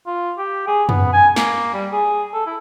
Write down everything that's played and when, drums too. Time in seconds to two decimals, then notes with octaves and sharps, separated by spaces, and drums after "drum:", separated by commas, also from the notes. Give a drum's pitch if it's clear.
0.06 F4
0.38 G4
0.67 G#4
0.89 B3, drum: tom F#2
1.13 G#5
1.36 A#3, drum: snare
1.74 G3
1.93 G#4
2.34 A4
2.47 E4